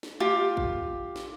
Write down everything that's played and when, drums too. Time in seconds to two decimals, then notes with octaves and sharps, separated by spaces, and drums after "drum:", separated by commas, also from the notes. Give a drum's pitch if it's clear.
0.03 drum: snare
0.20 F4 G4
0.57 drum: kick
1.16 drum: snare